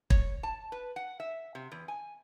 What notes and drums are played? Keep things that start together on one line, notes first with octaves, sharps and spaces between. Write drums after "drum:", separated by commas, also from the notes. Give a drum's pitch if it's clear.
C#5, drum: kick
A5
B4
F#5
E5
C3
E2
G#5